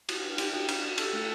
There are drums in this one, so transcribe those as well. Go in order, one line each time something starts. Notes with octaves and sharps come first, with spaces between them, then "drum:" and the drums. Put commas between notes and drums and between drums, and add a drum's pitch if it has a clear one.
F#4, drum: cymbal
B4
D#4 G4, drum: cymbal
F#4
D4, drum: cymbal
F#4
G4 A4, drum: cymbal
A3